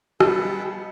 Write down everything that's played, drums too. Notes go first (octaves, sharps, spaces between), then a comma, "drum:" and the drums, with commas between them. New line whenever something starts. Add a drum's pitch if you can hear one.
G3 B3 G#4 D#5 G5 A5, drum: rim click